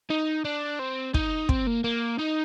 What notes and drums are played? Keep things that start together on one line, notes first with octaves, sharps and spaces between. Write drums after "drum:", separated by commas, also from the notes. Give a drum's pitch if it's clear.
D#4
D4
C4
D#4, drum: kick
C4, drum: kick
A#3
A#3
D#4